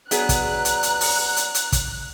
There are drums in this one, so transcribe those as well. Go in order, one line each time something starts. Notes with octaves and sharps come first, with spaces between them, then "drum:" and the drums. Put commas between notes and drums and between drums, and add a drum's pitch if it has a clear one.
F#3 B3 G#4 B4 D5 F#5 A#5 F#6, drum: hi-hat
drum: kick, hi-hat
drum: hi-hat
drum: hi-hat
drum: open hi-hat
drum: hi-hat
drum: hi-hat
drum: kick, hi-hat